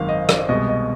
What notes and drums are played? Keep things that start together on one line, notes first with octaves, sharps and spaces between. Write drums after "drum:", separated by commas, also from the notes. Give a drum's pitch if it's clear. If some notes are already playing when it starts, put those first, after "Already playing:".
Already playing: G#1 F#2 D#3 F5
D#5
D5, drum: rim click
C2 B2 G#3 D#5
D#5